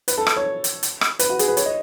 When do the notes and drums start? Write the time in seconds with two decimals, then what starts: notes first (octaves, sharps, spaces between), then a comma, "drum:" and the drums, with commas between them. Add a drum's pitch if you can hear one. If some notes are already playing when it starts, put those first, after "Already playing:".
0.08 B4, drum: hi-hat
0.18 A4
0.27 drum: rim click
0.36 C#5
0.64 drum: hi-hat
0.83 drum: hi-hat
1.01 drum: rim click
1.19 B4, drum: hi-hat
1.30 F#4
1.39 G#4, drum: hi-hat
1.48 B4
1.57 C#5, drum: hi-hat
1.65 D#5